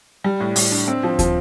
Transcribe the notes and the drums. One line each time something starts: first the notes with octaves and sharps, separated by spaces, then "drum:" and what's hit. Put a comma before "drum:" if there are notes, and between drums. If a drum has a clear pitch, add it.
G3
A2
A2, drum: open hi-hat
D4
C4
F3
F3, drum: kick, hi-hat